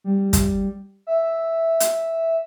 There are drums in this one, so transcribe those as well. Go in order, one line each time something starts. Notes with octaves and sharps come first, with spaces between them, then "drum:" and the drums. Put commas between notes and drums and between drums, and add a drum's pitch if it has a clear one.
G3
drum: kick, hi-hat
E5
drum: hi-hat